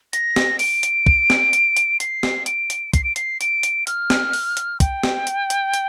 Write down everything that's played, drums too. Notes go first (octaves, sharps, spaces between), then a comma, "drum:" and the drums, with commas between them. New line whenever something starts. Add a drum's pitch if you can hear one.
A#6, drum: hi-hat
drum: snare
D7, drum: open hi-hat
drum: hi-hat
drum: kick
drum: snare
drum: hi-hat
drum: hi-hat
C7, drum: hi-hat
drum: snare
D7, drum: hi-hat
drum: hi-hat
C7, drum: kick, hi-hat
D7
C7, drum: hi-hat
D7, drum: hi-hat
drum: hi-hat
F6, drum: hi-hat
drum: snare
drum: open hi-hat
drum: hi-hat
G5, drum: kick, hi-hat
drum: snare
drum: hi-hat
drum: hi-hat
drum: hi-hat